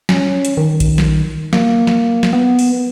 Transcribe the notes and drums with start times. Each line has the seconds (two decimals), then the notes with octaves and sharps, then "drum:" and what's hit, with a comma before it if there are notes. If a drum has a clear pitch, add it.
0.09 C#4, drum: snare
0.45 drum: hi-hat
0.57 D#3
0.80 drum: kick A#1, hi-hat
0.98 drum: snare
1.53 A#3, drum: snare
1.87 drum: snare
2.23 drum: snare
2.33 B3
2.59 drum: open hi-hat